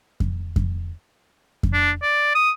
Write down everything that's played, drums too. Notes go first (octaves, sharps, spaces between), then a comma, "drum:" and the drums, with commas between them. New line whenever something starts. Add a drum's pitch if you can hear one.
drum: kick F2
drum: kick F2
drum: kick F2
D4
D5
D#6